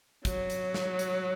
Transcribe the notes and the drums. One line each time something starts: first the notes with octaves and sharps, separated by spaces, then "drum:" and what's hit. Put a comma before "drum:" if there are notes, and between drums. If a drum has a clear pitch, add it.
F#3, drum: kick, hi-hat
drum: hi-hat
drum: snare
drum: hi-hat